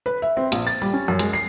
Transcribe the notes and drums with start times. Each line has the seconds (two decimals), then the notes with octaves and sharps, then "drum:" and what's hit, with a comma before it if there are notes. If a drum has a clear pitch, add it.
0.06 B4
0.22 E5
0.37 C4
0.52 A#1, drum: hi-hat
0.67 A6
0.82 G3
0.93 C#4
1.08 F#2
1.19 G#3, drum: hi-hat
1.33 C7